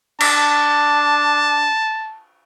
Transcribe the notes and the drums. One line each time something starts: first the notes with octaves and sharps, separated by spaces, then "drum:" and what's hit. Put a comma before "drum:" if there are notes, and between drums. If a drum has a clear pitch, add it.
D4 A5, drum: cymbal